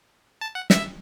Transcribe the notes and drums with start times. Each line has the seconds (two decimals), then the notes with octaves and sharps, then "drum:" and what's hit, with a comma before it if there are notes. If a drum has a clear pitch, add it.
0.41 A5
0.55 F#5
0.70 E5, drum: snare